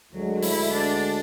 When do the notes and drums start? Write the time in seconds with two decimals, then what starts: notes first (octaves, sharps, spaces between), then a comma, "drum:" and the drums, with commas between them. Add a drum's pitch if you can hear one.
0.12 D2 D3 F#3 G#3
0.43 E4, drum: open hi-hat
0.73 D4